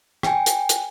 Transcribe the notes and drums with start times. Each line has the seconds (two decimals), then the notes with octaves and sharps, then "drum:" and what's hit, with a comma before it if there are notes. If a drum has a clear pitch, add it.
0.23 G5 G#5, drum: rim click
0.46 drum: hi-hat
0.69 drum: hi-hat